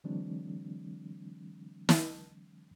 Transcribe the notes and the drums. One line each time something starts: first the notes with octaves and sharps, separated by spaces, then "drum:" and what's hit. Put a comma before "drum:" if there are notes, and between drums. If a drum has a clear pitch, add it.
D3 E3 F#3 G#3 C4 D4
drum: snare